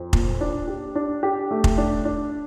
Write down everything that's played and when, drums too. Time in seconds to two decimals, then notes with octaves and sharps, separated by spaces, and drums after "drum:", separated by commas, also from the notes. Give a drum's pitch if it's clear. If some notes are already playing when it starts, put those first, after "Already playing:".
Already playing: F2
0.13 A#2, drum: kick F1
0.41 D4
0.68 G4
0.95 D4
1.23 G4
1.51 A3
1.64 drum: kick F1
1.78 D4
2.05 D4